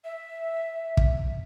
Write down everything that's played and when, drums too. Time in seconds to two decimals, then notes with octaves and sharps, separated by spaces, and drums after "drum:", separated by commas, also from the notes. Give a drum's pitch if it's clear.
0.04 E5
0.97 drum: kick